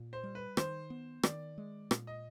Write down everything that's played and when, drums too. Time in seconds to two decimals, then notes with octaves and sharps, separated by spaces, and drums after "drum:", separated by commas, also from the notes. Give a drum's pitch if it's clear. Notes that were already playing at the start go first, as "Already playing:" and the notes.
Already playing: A#2
0.13 C5
0.24 G3
0.35 B4
0.57 D#3 C5, drum: rim click
0.90 B3
1.23 D#3 D5, drum: rim click
1.58 G#3
1.91 A#2, drum: rim click
2.07 D#5